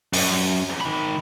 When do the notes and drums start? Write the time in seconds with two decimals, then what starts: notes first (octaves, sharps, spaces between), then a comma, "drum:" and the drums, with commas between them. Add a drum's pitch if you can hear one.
0.13 F#2, drum: open hi-hat
0.81 D#3 B5